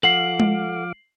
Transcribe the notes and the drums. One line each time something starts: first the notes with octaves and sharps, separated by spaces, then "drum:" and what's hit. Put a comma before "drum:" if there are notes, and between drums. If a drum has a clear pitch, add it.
F3 A4 F5 F#5 D6 C7 F#7
drum: tom G#3